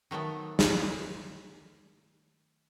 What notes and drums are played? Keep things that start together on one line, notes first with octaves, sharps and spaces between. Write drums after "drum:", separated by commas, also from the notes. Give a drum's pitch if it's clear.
D#3 F#3 A3 B3
drum: snare